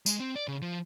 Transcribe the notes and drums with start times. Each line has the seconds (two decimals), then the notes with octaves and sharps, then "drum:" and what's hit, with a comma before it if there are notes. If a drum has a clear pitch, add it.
0.06 G#3, drum: tambourine
0.20 C4
0.36 D5
0.48 C#3
0.62 F3